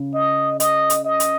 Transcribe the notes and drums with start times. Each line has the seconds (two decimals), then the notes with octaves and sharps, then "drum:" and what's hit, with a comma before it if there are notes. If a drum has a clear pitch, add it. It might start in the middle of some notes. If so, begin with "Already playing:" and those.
Already playing: C#3
0.15 D#5
0.60 D#5, drum: hi-hat
0.90 drum: hi-hat
1.05 D#5
1.20 drum: hi-hat